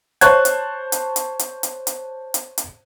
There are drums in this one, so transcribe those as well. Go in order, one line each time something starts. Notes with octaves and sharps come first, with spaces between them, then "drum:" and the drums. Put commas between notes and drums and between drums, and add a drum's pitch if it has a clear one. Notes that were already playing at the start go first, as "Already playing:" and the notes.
C5 C#5 A5 C#6 F#6 G#6, drum: hi-hat
drum: hi-hat
drum: hi-hat
drum: hi-hat
drum: hi-hat
drum: hi-hat
drum: hi-hat
drum: hi-hat
drum: hi-hat